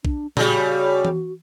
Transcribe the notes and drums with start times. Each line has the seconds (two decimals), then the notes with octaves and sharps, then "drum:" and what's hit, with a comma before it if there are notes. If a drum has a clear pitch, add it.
0.05 D4, drum: kick
0.37 C#3 G3 F#4, drum: tom A#2
1.05 drum: tom E3